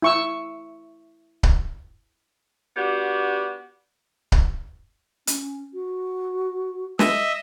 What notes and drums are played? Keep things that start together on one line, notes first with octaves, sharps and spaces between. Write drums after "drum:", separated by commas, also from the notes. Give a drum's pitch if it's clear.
E4 C#6 E6
drum: kick C#1
B3 D4 F#4 G4
drum: kick C#1
C#4, drum: hi-hat
F#4
D#5 E5, drum: snare